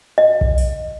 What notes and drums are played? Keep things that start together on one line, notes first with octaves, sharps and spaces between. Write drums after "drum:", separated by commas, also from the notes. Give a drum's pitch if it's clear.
D#5
drum: kick B1
drum: open hi-hat